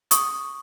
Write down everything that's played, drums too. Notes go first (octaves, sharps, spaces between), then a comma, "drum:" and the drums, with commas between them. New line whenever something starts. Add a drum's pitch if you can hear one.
C#6 D#6, drum: hi-hat